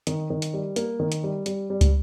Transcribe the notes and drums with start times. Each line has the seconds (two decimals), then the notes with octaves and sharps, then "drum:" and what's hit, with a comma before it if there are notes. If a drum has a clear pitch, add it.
0.07 D#3, drum: hi-hat
0.30 D#3
0.42 drum: hi-hat
0.54 G3
0.76 A#3, drum: hi-hat
1.00 D#3
1.12 drum: hi-hat
1.24 G3
1.46 G3, drum: hi-hat
1.70 G3
1.81 drum: kick, hi-hat